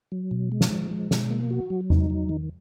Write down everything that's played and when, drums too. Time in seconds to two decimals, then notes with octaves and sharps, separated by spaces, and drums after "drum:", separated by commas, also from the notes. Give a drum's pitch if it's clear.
0.12 F#3
0.31 B2
0.52 G#3
0.61 drum: snare
0.71 F3
0.91 G#3
1.11 B2, drum: snare
1.30 A#3
1.50 F#4
1.70 F#3
1.90 D#4, drum: tom E2
2.10 F#3
2.29 D#3